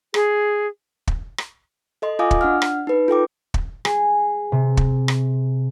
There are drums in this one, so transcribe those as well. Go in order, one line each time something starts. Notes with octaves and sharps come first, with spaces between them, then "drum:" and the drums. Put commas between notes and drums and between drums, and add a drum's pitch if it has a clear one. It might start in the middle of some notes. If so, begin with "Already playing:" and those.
G#4, drum: rim click
drum: kick
drum: rim click
A4 D#5 C6
F4 D#5 F5 G#5 D6 D#6
drum: kick
D4 F#5 F6
drum: rim click
D#4 B4
F4 A4 G5 D6
drum: kick
G#4, drum: rim click
C3
drum: kick
drum: rim click